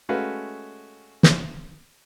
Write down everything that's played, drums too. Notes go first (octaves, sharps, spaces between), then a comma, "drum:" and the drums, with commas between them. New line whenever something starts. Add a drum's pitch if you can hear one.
G#3 A3 C#4 F#4 B4 F5
drum: snare